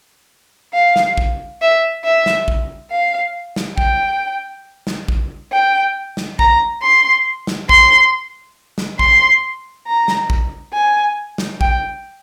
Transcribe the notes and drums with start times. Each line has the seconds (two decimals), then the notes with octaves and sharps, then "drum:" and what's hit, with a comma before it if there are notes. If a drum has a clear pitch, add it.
0.74 F5
0.96 drum: snare
1.18 drum: kick
1.62 E5
2.04 E5
2.26 drum: snare
2.48 drum: kick
2.91 F5
3.56 drum: snare
3.78 G5, drum: kick
4.87 drum: snare
5.08 drum: kick
5.52 G5
6.17 drum: snare
6.39 A#5, drum: kick
6.82 C6
7.47 drum: snare
7.69 C6, drum: kick
8.78 drum: snare
8.99 C6, drum: kick
9.87 A#5
10.08 drum: snare
10.30 drum: kick
10.74 G#5
11.38 drum: snare
11.61 G5, drum: kick